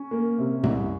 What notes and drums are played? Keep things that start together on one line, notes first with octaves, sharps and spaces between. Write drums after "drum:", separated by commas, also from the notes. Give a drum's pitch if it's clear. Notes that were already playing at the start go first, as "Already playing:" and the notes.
Already playing: C#4
A#3
C3
C2, drum: tom F#2